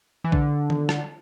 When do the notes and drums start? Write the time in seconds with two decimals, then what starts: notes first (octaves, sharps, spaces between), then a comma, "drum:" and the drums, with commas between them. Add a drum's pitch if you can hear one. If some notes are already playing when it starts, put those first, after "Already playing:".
0.24 E3
0.32 D3, drum: kick
0.70 drum: tom D#3
0.89 drum: rim click